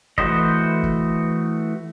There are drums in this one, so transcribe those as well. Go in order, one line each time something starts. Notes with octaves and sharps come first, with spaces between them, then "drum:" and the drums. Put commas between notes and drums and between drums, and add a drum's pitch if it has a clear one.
E3 A3 F#4 C5 D#5, drum: kick
drum: kick